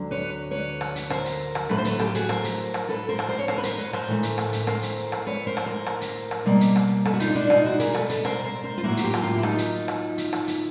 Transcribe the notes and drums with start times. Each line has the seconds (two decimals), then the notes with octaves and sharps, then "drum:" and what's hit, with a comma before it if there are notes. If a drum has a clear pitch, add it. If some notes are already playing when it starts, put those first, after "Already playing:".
Already playing: D2 D3 F#3
0.11 B4 C#5
0.51 B4 C#5
0.81 drum: rim click
0.96 drum: hi-hat
1.10 A#4 C5, drum: rim click
1.25 drum: hi-hat
1.55 drum: rim click
1.70 A2 F#3 A3 A4 B4
1.78 C5
1.85 A4 B4, drum: hi-hat
1.99 G4 A4, drum: rim click
2.15 F#4 G#4, drum: hi-hat
2.29 A#4 C5, drum: rim click
2.44 drum: hi-hat
2.74 drum: rim click
2.89 A4 B4
3.09 A#4 C5
3.19 drum: rim click
3.28 A#4 C5
3.39 C#5
3.48 A#4 C5, drum: rim click
3.58 B4
3.63 A#4 C5, drum: hi-hat
3.78 B4 C#5
3.93 A#4 C5, drum: rim click
4.08 A2 E3 A3
4.23 drum: hi-hat
4.38 drum: rim click
4.53 drum: hi-hat
4.67 A#4 C5, drum: rim click
4.82 drum: hi-hat
5.12 drum: rim click
5.27 B4 C#5
5.47 A#4 C5
5.57 drum: rim click
5.66 A#4 C5
5.86 drum: rim click
6.01 drum: hi-hat
6.31 drum: rim click
6.45 B2 G3 A#3
6.61 drum: hi-hat
6.76 drum: rim click
7.05 A4 B4, drum: rim click
7.14 F#4
7.20 D#4 F4, drum: hi-hat
7.31 F4
7.35 D4 E4
7.50 D#4 F4, drum: rim click
7.65 E4 F#4
7.79 G#4 A#4, drum: hi-hat
7.95 A4 B4, drum: rim click
8.09 A4 B4, drum: hi-hat
8.25 A#4 C5, drum: rim click
8.44 A#4 C5
8.64 A#4 C5
8.78 F4
8.84 A2 F#3 A#3 E4 F#4
8.97 F#4, drum: hi-hat
9.03 F4 G4
9.14 drum: rim click
9.23 F4 G4
9.37 E4
9.43 D#4 F4, drum: rim click
9.58 drum: hi-hat
9.88 drum: rim click
10.18 drum: hi-hat
10.33 drum: rim click
10.47 drum: hi-hat